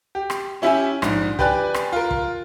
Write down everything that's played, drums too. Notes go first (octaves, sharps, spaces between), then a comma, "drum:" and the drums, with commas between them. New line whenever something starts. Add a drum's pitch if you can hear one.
G4
drum: rim click
C#4 E4 G4 E5 G5 G#5
A#1 G#2, drum: rim click
G4 B4 D5 G5 G#5 F#6, drum: kick
drum: rim click
F4 A#4
drum: kick